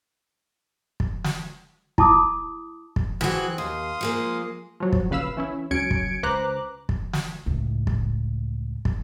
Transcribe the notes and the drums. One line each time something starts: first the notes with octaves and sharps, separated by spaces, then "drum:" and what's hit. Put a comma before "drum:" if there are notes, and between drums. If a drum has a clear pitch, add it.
drum: kick
drum: snare
E4 A5 D6 D#6, drum: kick
drum: kick
E3 C4 F#4 G#4 F#6, drum: snare
D#2 F5 C6 D#6
F3 G#3 A#3
F3 F#3
drum: kick
A#1 C#3 B4 F5 B5 E6
E3 C#4 E4
C#2 F#3 C#4 G#6 C#7 D7
drum: kick
C#2 B4 C5 A#5 D6 F#6
drum: kick
drum: snare
C#2 A2
drum: kick
drum: kick